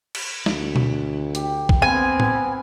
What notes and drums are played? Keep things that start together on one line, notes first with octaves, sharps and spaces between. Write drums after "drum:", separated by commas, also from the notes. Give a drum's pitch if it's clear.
drum: cymbal
D2, drum: snare
drum: tom B2
G4, drum: hi-hat
drum: kick A#1
B3 C4 A#4 B4 G5 G#5
drum: tom A2